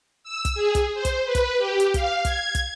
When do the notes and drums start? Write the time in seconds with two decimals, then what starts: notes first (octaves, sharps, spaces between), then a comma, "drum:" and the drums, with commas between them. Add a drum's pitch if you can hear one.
0.24 E6
0.45 drum: kick, hi-hat
0.55 G#4
0.75 drum: kick, hi-hat
0.95 C5
1.05 drum: kick, hi-hat
1.25 B4
1.35 drum: kick, hi-hat
1.58 G4
1.80 drum: hi-hat
1.94 F5, drum: kick, hi-hat
2.25 G#6, drum: kick, hi-hat
2.55 drum: kick, hi-hat